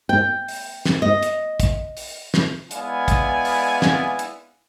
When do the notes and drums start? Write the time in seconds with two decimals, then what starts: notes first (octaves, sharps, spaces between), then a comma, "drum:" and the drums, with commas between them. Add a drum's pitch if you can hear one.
0.09 G5
0.48 drum: open hi-hat
0.85 drum: snare
1.02 D#5
1.23 drum: hi-hat
1.60 drum: kick, hi-hat
1.97 drum: open hi-hat
2.34 drum: snare
2.71 G#3 B3 E4 D5 F5 G#5, drum: hi-hat
3.08 drum: kick, hi-hat
3.45 drum: open hi-hat
3.82 drum: snare
4.19 drum: hi-hat